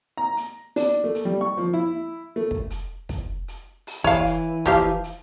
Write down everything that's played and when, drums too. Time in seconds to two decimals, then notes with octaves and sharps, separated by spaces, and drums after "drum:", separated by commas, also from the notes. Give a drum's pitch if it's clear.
0.17 A#5
0.37 drum: hi-hat
0.76 D4, drum: open hi-hat
1.04 A3
1.15 drum: hi-hat
1.25 G3
1.41 C#6
1.57 F3
1.74 E4
2.36 A3
2.51 drum: kick
2.70 drum: hi-hat
3.09 drum: kick, hi-hat
3.48 drum: hi-hat
3.87 drum: open hi-hat
4.04 E3 C#5 F5, drum: kick
4.26 drum: hi-hat
4.66 F3 G4 F5, drum: kick, hi-hat
5.04 drum: hi-hat